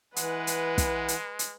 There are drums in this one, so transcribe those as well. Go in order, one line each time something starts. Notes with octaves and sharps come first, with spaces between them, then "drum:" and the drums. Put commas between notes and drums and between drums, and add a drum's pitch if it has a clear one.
E3 G#3 B4 F#5, drum: hi-hat
drum: hi-hat
drum: kick, hi-hat
drum: hi-hat
drum: hi-hat